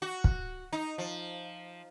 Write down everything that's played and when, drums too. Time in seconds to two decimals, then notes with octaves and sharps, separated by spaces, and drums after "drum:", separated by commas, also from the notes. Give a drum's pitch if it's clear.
0.02 F#4
0.24 drum: kick
0.72 D#4
0.98 F3